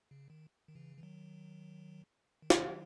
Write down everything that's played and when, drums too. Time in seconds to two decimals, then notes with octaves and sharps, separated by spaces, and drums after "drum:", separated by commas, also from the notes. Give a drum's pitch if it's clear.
0.11 C#3
0.30 D#3
0.68 D#3
0.75 C#3 E3
0.97 E3
1.03 D#3 F#3
2.42 D#3
2.50 C#3 E3, drum: snare
2.69 D#3 F#3